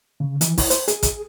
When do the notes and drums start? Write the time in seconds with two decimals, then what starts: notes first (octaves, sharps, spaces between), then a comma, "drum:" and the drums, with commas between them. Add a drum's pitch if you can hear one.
0.20 C#3
0.41 E3, drum: hi-hat
0.58 E4, drum: kick, open hi-hat
0.70 C5, drum: hi-hat
0.88 G#4, drum: hi-hat
1.03 drum: kick, hi-hat